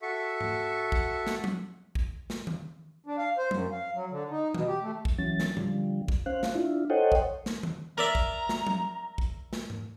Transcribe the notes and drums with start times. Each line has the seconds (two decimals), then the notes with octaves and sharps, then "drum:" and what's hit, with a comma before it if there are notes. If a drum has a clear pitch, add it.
0.02 F#4 A4 E5 C#6
0.41 drum: tom G#2
0.92 drum: kick A#1
1.27 drum: snare
1.44 drum: tom F3
1.95 drum: kick A#1
2.30 drum: snare
2.47 drum: tom D#3
3.06 D4
3.18 F5
3.38 C5
3.51 F#2, drum: tom F3
3.72 F5
3.95 F#3
4.11 D3
4.31 D#4
4.54 B2, drum: tom D#3
4.67 G4
4.82 A3
5.05 drum: kick A#1
5.18 E3 F#3 C#4 A6
5.40 drum: snare
5.57 D3 F3 G3, drum: tom A2
6.08 drum: kick A#1
6.26 C#4 C5 F5 F#6
6.43 drum: snare
6.55 D4 E4 F4
6.90 A4 C5 C#5 D#5 F#5 G5
7.12 drum: kick A#1
7.46 drum: snare
7.63 drum: tom D#3
7.98 A#4 D5 E5 A#5
8.15 drum: kick A#1
8.49 drum: snare
8.67 drum: tom F3
9.18 drum: kick A#1
9.53 drum: snare
9.70 drum: tom G#2